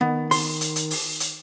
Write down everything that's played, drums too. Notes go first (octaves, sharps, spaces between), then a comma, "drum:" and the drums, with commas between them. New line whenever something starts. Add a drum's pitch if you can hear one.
D#3 B3
C6, drum: open hi-hat
drum: hi-hat
drum: hi-hat
drum: open hi-hat
drum: hi-hat